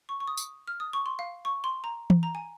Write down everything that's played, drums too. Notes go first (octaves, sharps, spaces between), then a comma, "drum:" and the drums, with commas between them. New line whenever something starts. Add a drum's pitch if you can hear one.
C#6
C#6
D#6
drum: tambourine
F6
D#6
C#6
C6
F5
C#6
C6
A#5
drum: tom E3
A#5
G#5